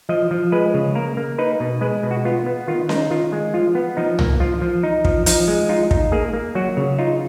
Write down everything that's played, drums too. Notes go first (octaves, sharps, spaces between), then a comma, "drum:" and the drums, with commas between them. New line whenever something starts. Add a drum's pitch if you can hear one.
F3 D#5
F3
G#3 B4
C#3
A#3 A#4
A#3
D#4 B4
B2
G#3 B4
B2
F#4
B3 F4
B3
D#3 F4
D#4, drum: snare C#4
D#3 F4
G#3
F3 F4
B3
F3 D#4
A#3, drum: tom
F3 F4
F3
D#4
F3, drum: kick
F3 D#4, drum: hi-hat
G#3
D#4 F4
D#4, drum: kick
A#3 G#4
A#3
F#3 F#4
C#3
D#4 F4